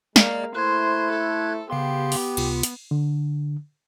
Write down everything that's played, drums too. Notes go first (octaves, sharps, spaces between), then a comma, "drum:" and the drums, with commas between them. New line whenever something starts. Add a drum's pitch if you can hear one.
G#3 A#3 D5, drum: snare
A3 E4 C5 F#6 G#6
A4
C#3 B3 G4 F5 C6
drum: open hi-hat
C#2 C3 F4, drum: cymbal
drum: hi-hat
D3